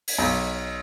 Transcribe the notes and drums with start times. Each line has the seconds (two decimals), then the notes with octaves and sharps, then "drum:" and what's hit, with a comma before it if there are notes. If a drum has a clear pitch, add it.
0.08 drum: open hi-hat
0.18 B1